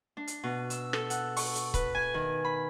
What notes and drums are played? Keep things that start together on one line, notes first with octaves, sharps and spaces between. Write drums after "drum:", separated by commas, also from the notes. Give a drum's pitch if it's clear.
D4
drum: hi-hat
B2
E6, drum: hi-hat
A4, drum: rim click
F#5, drum: hi-hat
C#6, drum: open hi-hat
drum: hi-hat
B4, drum: kick C#1, hi-hat
G#5
D#3
B5